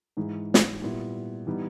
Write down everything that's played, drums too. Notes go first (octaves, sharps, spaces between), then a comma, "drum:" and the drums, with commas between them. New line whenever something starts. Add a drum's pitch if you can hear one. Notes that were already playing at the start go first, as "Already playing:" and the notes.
G#2 E3 G#3
drum: snare
A#2 G3 B3 E4
E3 G3 B3 D#4